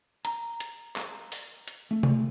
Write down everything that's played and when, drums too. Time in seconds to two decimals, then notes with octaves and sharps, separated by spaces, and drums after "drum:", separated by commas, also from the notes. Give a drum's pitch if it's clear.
0.25 A#5, drum: hi-hat
0.60 drum: hi-hat
0.96 drum: clap
1.32 drum: open hi-hat
1.68 drum: hi-hat
1.91 A3
2.03 drum: tom C3